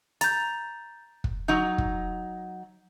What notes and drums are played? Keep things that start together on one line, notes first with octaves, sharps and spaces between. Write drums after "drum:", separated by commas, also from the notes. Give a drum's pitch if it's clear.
A#5 G6 A6, drum: hi-hat
drum: kick
F#3 D#4 G6
drum: kick